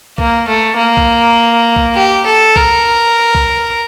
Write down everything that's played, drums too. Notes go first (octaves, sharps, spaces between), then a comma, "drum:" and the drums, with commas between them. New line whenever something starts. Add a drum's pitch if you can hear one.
A#3, drum: kick B1
A3
A#3
drum: kick B1
drum: kick B1
G4
A4
A#4, drum: kick B1
drum: kick B1